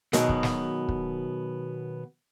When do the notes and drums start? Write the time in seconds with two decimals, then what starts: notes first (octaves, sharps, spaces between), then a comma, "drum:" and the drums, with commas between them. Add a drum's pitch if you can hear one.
0.13 B2 D#3 F#3 G#3 B3, drum: hi-hat
0.29 drum: kick
0.43 drum: snare
0.89 drum: kick